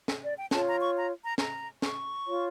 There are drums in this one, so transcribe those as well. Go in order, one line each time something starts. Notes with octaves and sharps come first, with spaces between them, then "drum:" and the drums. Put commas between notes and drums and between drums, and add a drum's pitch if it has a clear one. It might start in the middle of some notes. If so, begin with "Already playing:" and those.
drum: snare
D5
G5
F4 C#5 A5, drum: snare
A#5
C#6
A#5
A#5
A#5, drum: snare
C#6, drum: snare
F4 C#5